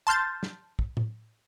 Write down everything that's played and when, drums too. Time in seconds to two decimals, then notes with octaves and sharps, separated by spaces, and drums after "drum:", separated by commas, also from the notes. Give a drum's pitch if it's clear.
0.07 A5 C6 F6 G6 A6
0.43 drum: snare
0.79 drum: kick
0.97 drum: tom A2